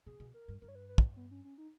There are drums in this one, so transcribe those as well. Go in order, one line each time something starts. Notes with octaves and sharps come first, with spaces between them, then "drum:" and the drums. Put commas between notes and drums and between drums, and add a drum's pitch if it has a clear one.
B2 G#4
B2
A#4
G2
G2 A#4
C#5
B4
B4
drum: kick
B3
C#4
C#4
D#4